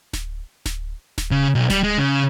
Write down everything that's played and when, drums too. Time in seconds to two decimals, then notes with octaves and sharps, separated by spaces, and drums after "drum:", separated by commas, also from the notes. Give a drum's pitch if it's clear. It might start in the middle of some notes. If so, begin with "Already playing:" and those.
0.13 drum: snare D1
0.66 drum: snare D1
1.18 drum: snare D1
1.31 C#3
1.55 B1
1.70 G3, drum: snare D1
1.83 G#3
1.99 C#3